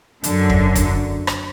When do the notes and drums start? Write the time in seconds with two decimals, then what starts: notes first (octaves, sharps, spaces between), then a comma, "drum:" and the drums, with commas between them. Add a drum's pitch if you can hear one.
0.24 F#2 D3, drum: hi-hat
0.50 drum: kick
0.75 drum: kick, hi-hat
1.27 drum: rim click